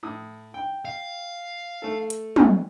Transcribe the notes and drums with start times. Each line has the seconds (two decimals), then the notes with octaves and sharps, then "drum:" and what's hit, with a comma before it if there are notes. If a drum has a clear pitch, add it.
0.03 A2 D#6
0.54 G5
0.85 F5
1.82 A3 A4
2.10 drum: hi-hat
2.36 drum: tom